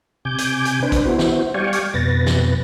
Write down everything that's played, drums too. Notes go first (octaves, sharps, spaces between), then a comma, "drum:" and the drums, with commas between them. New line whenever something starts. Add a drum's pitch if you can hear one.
C3 G#5 D6 G6
drum: hi-hat
drum: hi-hat
D4 B4 C5
drum: kick A#1, hi-hat
B3 E4 F#4 C5
drum: snare
G3 D5 F5 G5 G#5 C#6
drum: hi-hat
F2 B2 B4 A6 A#6
drum: snare